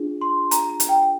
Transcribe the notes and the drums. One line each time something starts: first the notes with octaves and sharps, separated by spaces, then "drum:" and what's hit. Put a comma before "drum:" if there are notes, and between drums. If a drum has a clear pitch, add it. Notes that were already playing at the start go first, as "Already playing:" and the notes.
Already playing: D4 F4 G#4
C6
A#5, drum: hi-hat
A#5
drum: hi-hat
G5